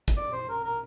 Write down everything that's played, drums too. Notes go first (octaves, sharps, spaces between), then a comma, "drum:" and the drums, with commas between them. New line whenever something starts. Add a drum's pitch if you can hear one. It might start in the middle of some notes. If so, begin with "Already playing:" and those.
drum: kick
D5
C5
A#4
A#4